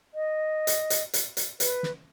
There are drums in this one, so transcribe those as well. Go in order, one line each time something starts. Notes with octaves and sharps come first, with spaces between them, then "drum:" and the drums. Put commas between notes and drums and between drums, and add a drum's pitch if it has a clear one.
D#5
drum: hi-hat
drum: hi-hat
drum: hi-hat
drum: hi-hat
B4, drum: hi-hat
drum: snare